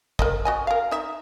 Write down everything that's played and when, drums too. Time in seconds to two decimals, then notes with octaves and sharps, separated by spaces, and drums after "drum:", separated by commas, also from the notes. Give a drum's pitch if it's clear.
0.19 A#4 C5 D#5, drum: kick
0.45 F#4 D#5 G#5
0.67 A#4 F5
0.91 D#4 E5